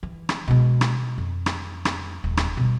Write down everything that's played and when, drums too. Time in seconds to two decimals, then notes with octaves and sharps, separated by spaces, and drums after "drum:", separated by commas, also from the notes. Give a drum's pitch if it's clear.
0.03 E3
0.29 drum: rim click
0.48 B2 G#3
0.81 drum: rim click
1.18 F2
1.46 drum: rim click
1.85 drum: rim click
2.24 D#1
2.37 drum: rim click
2.57 B2 G3